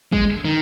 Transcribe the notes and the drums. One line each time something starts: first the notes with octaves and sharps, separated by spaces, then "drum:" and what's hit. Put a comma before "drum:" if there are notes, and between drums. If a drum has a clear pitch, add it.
G#3, drum: kick
D#3